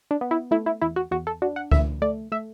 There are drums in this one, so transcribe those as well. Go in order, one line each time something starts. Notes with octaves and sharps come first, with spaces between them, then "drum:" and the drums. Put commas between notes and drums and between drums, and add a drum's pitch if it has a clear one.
D4
B3
E4
A3 E4
E4
E2 E4
F#4
E2 F#4
A4
D4 F#4
F#5
D3 E5, drum: kick C#2
A3 D5
A3 E5